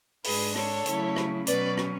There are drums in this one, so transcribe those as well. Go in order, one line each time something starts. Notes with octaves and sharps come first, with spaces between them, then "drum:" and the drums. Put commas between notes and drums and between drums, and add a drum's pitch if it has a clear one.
G#2 G#3 D4 G#4 B4, drum: open hi-hat
A4 C#5, drum: rim click
C#3 F#3 A3 E4, drum: hi-hat
drum: rim click
B2 F#3 C#4 B4 D5, drum: hi-hat
drum: rim click